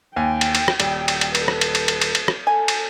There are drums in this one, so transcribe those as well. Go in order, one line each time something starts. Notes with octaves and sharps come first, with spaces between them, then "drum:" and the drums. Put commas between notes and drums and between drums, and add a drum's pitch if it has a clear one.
D#2 G5 G#5
drum: cymbal
drum: cymbal
drum: rim click
D#1 G3, drum: cymbal
drum: cymbal
drum: cymbal
A4 B4, drum: cymbal
drum: rim click
drum: cymbal
drum: cymbal
drum: cymbal
drum: cymbal
drum: cymbal
drum: rim click
A4 G#5
drum: cymbal